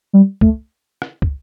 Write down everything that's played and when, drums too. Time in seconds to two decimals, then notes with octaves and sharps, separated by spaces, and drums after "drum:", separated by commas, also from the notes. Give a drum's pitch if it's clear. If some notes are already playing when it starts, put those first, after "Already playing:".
0.13 G3
0.41 A3, drum: kick
1.02 drum: rim click
1.22 drum: kick